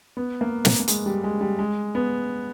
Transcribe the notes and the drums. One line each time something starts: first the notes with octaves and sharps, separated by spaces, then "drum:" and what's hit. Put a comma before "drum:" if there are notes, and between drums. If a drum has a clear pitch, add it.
B3
A#3
A#3, drum: snare
A#3
G#3, drum: hi-hat
G3
G#3
G3
G#3
B3